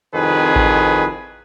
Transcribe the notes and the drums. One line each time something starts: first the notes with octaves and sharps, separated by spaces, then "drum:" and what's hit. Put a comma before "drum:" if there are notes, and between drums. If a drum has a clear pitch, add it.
C2 F2 D#3 G#4 B4
drum: kick A1